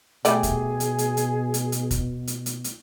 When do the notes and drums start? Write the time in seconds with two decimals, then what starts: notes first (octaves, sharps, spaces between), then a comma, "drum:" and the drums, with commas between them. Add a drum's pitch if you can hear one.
0.25 B2 G3 A3 G#4 D5, drum: hi-hat
0.43 drum: kick, hi-hat
0.80 drum: hi-hat
0.98 drum: hi-hat
1.17 drum: hi-hat
1.54 drum: hi-hat
1.72 drum: hi-hat
1.91 drum: kick, hi-hat
2.27 drum: hi-hat
2.46 drum: hi-hat
2.64 drum: hi-hat